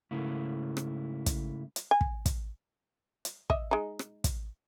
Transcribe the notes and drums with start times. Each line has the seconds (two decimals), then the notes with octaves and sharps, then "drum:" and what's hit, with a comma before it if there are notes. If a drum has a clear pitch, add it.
0.11 G#2 C#3 A3 E4
0.77 drum: rim click
1.26 drum: kick, hi-hat
1.76 drum: hi-hat
1.91 G#5
2.01 drum: kick
2.26 drum: kick, hi-hat
3.25 drum: hi-hat
3.50 D#5 E5, drum: kick
3.71 G#3 D#4
3.99 drum: rim click
4.24 drum: kick, hi-hat